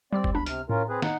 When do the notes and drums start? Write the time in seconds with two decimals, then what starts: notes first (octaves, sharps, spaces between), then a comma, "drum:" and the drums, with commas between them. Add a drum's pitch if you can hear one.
0.13 G3 C4 G4 D5 E6
0.24 drum: kick
0.35 C#2 B3 D4 B5
0.46 C3 F6, drum: hi-hat
0.69 A2 C#4 F4 A#4
0.89 C4 G#4 B4
1.02 D#4 F#5, drum: snare